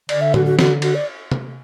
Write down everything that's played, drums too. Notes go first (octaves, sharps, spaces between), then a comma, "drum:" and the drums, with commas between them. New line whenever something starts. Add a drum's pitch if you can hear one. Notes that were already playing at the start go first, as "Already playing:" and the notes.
D3 D5, drum: cymbal
E5
F#4, drum: tom A2
F#4
F#4, drum: snare
F#4, drum: cymbal
D5
drum: tom C3